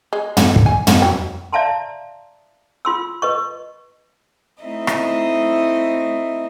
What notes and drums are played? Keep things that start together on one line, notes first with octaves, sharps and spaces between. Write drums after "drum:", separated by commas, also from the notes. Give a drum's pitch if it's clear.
G#3
D3 F#4, drum: tom
drum: kick
G#5
D#3, drum: tom
F#3 G5
D5 E5 F5 A5 A#5 C6
F4 C6 E6
B4 D#5 C#6
A3 C4 D#4 E4 D#5 E5
drum: rim click